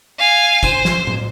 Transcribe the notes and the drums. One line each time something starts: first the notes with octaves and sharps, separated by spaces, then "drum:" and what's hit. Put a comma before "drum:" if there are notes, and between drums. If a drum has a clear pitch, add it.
F5 G#5
C5, drum: kick, tambourine
drum: snare
drum: tom A2